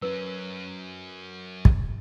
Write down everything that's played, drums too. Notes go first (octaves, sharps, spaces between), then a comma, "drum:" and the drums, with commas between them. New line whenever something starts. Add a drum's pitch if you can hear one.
F#3 C#4 B4 E6
drum: kick